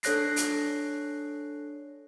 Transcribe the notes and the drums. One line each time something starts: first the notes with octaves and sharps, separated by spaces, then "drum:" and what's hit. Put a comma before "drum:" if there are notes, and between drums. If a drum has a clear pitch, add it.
D4 A4 C#5 F#6 A#6 C7, drum: hi-hat
drum: hi-hat